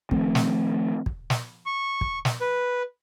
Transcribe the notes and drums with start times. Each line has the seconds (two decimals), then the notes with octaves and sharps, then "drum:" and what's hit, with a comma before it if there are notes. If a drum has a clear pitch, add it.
0.11 D#3 F3 A3 C4, drum: kick
0.35 drum: snare
1.06 drum: kick
1.30 drum: snare
1.66 C#6
2.01 drum: kick
2.25 drum: snare
2.41 B4